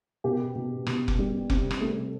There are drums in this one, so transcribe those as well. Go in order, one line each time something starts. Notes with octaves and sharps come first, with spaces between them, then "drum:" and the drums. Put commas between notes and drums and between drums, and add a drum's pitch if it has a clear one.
B2 G4
B2
B2, drum: rim click
drum: kick F1
G3
C3, drum: kick F1
drum: rim click
A3